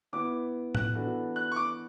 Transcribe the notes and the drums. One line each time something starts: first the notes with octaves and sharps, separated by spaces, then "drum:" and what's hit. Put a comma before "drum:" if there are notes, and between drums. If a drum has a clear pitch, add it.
B3 E4 B4 D6
F#6, drum: tom A2
E3 B3 D4 F#4 A4
F#6
C#6
D6